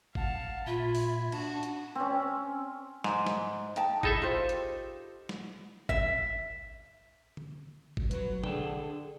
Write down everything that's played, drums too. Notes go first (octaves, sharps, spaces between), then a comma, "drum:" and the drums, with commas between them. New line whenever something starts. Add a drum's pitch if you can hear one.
F5 F#5 A5, drum: kick G#1
A#2 F4 E5 B5 G#6
drum: open hi-hat
D4 F#4 A5, drum: cymbal
drum: hi-hat
C4 C#4
G#2, drum: snare
drum: snare
D#4 G5 A5, drum: hi-hat
D#4 E4 G#4 A4 D#5 E5, drum: kick G#1
F4 G4 C5
drum: hi-hat
drum: snare
E5, drum: kick G#1
drum: tom D3
drum: kick G#1
F#3 F#4 B4, drum: hi-hat
D3 G#4 A4 G5, drum: tom
D3